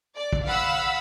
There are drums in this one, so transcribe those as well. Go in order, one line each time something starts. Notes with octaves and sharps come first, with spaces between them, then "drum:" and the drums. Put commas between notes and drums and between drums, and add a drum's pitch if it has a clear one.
D5
drum: kick
F5 F#5 B5 E6